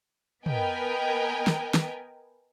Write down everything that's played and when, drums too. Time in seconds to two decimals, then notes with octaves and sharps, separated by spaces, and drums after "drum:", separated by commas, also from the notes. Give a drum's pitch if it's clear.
0.46 B3 A#4 B4 D#5 G5 G#5, drum: tom
1.47 drum: snare
1.74 drum: snare